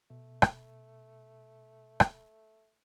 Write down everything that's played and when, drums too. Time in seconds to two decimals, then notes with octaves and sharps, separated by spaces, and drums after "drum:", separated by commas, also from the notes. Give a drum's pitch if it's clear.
0.10 B2 A3
0.42 drum: rim click
2.00 drum: rim click